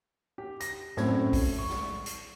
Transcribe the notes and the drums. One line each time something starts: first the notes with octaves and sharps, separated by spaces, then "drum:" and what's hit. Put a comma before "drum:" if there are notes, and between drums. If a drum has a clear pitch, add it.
G4
A#6, drum: hi-hat
F#2 A2 A3 C4 G#6, drum: snare
drum: kick A#1, open hi-hat
C#6
drum: snare
drum: hi-hat